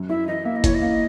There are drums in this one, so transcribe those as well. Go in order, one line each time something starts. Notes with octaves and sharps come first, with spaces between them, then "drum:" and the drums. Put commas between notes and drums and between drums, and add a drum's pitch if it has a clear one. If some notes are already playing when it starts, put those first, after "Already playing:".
Already playing: F#2
E4 E5
E3 D#5
A#3 E5
D#5
E3 C#5, drum: kick, hi-hat
D#5
A#3